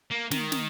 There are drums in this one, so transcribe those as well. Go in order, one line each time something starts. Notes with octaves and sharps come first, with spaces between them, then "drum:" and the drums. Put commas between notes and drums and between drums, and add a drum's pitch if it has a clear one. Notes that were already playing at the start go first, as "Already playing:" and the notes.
A#3
D#3, drum: snare
drum: snare